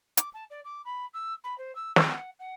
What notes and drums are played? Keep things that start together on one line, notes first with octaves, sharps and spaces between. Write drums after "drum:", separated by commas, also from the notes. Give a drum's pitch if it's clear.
D6, drum: hi-hat
A5
D5
D6
B5
E6
B5
C5
E6
E6, drum: snare
F#5
F#5